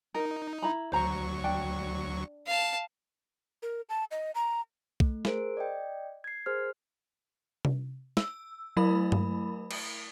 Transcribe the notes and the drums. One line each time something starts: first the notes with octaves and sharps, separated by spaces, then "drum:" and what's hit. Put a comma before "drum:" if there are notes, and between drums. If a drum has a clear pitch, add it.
D#4 A#4
E4 A#5 B5
D2 F#3 C5 A#5 C#6
D4 G5
F5 A5
A#4
A5
D#5
A#5
A3, drum: kick
G#4 A#4 C5 D7, drum: snare
D5 D#5 G5
G#6 C7
G#4 A#4 C5 F6
drum: tom C3
E6, drum: snare
F#3 A3 E4 A#4 B5
drum: tom G2
drum: cymbal